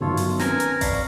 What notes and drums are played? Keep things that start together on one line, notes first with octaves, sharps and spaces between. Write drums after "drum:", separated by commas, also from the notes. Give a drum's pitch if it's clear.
G1 D#3 F#3 F4 A4 C#5
drum: open hi-hat
C4 C#4 A#4 B4 G#5 A#5, drum: snare
drum: hi-hat
D5 F5 A5 B5 C#6, drum: kick A1, open hi-hat